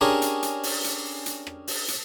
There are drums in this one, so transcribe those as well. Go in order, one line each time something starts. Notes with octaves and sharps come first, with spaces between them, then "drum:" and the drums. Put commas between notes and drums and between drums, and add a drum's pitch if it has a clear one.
C#4 D4 G4 G#4 A#4
drum: hi-hat
drum: hi-hat
drum: open hi-hat
drum: hi-hat
drum: hi-hat
drum: rim click
drum: open hi-hat
drum: hi-hat